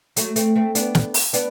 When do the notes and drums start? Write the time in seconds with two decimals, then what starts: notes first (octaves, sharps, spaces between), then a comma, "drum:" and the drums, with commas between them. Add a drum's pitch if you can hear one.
0.16 F#3 A3, drum: hi-hat
0.36 A3 C4, drum: hi-hat
0.56 A3 C4
0.75 B3 D4, drum: hi-hat
0.95 drum: snare
1.14 drum: open hi-hat
1.33 B3 D4, drum: hi-hat